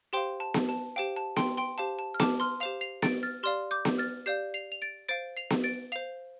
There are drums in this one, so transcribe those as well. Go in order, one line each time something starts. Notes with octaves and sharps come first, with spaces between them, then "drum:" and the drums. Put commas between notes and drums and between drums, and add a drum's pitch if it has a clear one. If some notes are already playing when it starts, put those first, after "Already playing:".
G4 C5 F5 G5 C6
A5
drum: snare B3
A5
G4 C5 F5 G5
A5
G5 C6, drum: snare B3
G5 C6
G4 C5 F5 A5
A5
F6
A5 D6, drum: snare B3
C6 F6
G4 C5 F5 C7 F7
C7 F7
A6 D7, drum: snare B3
F6 A6
G4 D5 F5 C6 F6
D6 G6
drum: snare B3
F6 A6
G4 D5 F5 G6 C7
C7 F7
F7
A6 D7
C5 F5 A6 D7
C7 F7
drum: snare B3
A6 D7
C5 F5 C7 F7